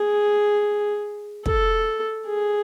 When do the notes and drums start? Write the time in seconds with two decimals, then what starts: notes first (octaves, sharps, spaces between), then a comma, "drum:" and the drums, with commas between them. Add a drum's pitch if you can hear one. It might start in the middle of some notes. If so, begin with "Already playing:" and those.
Already playing: G#4
1.46 A4, drum: kick
2.26 G#4